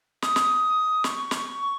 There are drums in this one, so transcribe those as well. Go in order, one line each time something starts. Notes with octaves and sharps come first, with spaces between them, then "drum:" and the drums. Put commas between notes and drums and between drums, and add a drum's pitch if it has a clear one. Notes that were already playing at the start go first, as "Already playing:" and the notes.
D#6, drum: snare
drum: snare
C#6, drum: snare
drum: snare